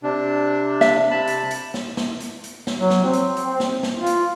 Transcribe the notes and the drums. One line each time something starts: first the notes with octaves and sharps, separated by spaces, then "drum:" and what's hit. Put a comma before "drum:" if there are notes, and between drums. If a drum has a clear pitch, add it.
C3 D4
E5, drum: snare
C3 A5 B5
drum: hi-hat
drum: hi-hat
drum: snare
drum: snare
drum: hi-hat
drum: hi-hat
drum: snare
F#3
drum: snare
C4
drum: hi-hat
drum: hi-hat
drum: snare
drum: snare
F4
drum: hi-hat